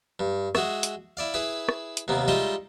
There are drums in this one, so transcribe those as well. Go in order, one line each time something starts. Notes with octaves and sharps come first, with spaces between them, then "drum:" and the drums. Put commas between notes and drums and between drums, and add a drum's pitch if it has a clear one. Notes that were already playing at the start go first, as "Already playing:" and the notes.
G2
G#3 F#4 G#4 E5, drum: rim click
drum: hi-hat
E4 D5 F5
E4 G#4 B4
drum: rim click
drum: hi-hat
D#2 C3 A#3 B3
G3 G#3 D#4 F4 D#5 E5